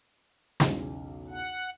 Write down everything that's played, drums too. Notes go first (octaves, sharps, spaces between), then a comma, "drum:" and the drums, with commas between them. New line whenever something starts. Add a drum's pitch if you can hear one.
B1 E2 C#3, drum: snare
F#5